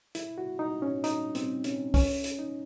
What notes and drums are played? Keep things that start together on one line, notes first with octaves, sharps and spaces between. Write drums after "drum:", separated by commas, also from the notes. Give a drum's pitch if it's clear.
E4, drum: hi-hat
F#4
D#4
C#4
D#4, drum: hi-hat
C4, drum: hi-hat
C#4, drum: hi-hat
C#4, drum: kick, open hi-hat
drum: hi-hat
D#4